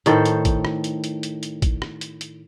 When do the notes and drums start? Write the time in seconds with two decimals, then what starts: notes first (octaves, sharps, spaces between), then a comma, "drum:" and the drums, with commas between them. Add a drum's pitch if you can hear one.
0.06 A2 D#3 A4 C5, drum: hi-hat
0.26 drum: hi-hat
0.45 drum: kick, hi-hat
0.65 drum: rim click
0.84 drum: hi-hat
1.04 drum: hi-hat
1.23 drum: hi-hat
1.43 drum: hi-hat
1.62 drum: kick, hi-hat
1.82 drum: rim click
2.01 drum: hi-hat
2.21 drum: hi-hat